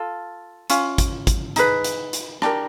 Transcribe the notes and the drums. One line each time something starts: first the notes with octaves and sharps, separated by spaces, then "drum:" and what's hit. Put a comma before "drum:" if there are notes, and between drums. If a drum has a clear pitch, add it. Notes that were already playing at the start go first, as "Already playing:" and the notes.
Already playing: F4 A4
C#4 F4, drum: hi-hat
drum: kick, hi-hat
drum: kick, hi-hat
D#4 G#4 B4, drum: hi-hat
drum: hi-hat
drum: hi-hat
D4 G4 A#4, drum: rim click